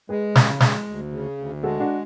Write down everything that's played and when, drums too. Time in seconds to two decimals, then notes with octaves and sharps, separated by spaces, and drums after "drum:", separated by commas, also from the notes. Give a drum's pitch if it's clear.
0.09 G#3 G#4 B4
0.35 C#3, drum: snare
0.60 G#3, drum: snare
0.86 D2
1.12 C#3
1.38 D2
1.63 G#3 F#4 A4
1.80 D4 F#4